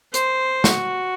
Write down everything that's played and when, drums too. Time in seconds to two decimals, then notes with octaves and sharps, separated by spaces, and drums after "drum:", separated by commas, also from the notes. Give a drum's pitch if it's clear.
0.14 C5, drum: hi-hat
0.64 F#4, drum: snare